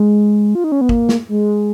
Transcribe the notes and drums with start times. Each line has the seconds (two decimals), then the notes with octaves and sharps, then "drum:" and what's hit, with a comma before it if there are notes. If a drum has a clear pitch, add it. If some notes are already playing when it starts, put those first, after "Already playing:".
Already playing: G#3
0.55 F4
0.64 D#4
0.72 C#4
0.81 B3
0.89 A#3, drum: kick
1.09 drum: snare
1.29 G#3